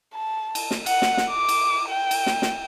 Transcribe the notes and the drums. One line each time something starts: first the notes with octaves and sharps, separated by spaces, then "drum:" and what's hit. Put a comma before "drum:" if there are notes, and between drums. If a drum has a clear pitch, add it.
A5
drum: cymbal
drum: snare
F#5, drum: cymbal
drum: snare
drum: snare
D6
drum: cymbal
G5
drum: cymbal
drum: snare
drum: snare